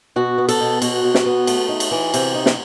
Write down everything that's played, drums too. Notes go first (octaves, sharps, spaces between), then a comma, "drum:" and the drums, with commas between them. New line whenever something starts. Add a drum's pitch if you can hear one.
B2 F#4
B3
A4, drum: cymbal
B2
B2 F#4, drum: cymbal
B2
drum: snare
B3
A3, drum: cymbal
D#4
drum: cymbal
E3
C3, drum: cymbal
D#4
drum: snare